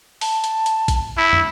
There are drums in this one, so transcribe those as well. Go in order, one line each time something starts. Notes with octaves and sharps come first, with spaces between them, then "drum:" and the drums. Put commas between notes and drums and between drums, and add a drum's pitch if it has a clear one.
A5, drum: open hi-hat
drum: hi-hat
drum: hi-hat
drum: kick A#1, hi-hat
E4
drum: tom